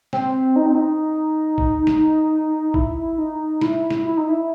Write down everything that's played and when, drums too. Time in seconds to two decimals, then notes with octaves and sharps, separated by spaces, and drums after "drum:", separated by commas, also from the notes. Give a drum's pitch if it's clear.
0.13 C4, drum: snare G#3
0.56 D#4
0.66 C4
0.75 D#4
1.58 drum: kick
1.87 drum: snare G#3
2.74 E4, drum: kick
3.18 D#4
3.61 E4, drum: snare G#3
3.90 drum: snare G#3
4.05 E4
4.17 D#4
4.29 E4